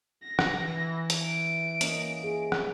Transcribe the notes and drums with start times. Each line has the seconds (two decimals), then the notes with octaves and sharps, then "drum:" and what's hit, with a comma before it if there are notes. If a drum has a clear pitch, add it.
0.23 A#6
0.39 drum: rim click
0.60 E3
1.10 drum: hi-hat
1.25 D7
1.81 A#3 C#4 D#5, drum: hi-hat
2.24 G#4
2.52 drum: rim click